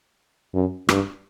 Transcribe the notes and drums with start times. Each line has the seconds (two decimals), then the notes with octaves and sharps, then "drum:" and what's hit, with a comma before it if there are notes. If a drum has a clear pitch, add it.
0.54 F#2
0.89 G2, drum: rim click